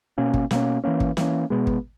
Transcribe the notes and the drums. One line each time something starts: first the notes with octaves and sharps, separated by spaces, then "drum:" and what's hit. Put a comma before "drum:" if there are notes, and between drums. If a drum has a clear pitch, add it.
B2 A#3 C#4
drum: kick
B2 A#3 C#4, drum: snare
E3 A#3 C#4
drum: kick
E3 A#3 C#4, drum: snare
B2 G#3 B3
drum: kick